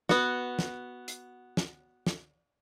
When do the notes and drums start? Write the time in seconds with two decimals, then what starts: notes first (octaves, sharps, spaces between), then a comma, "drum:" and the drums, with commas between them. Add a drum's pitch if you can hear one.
0.09 B3 F#4, drum: snare
0.59 drum: snare
1.08 drum: hi-hat
1.57 drum: snare
2.07 drum: snare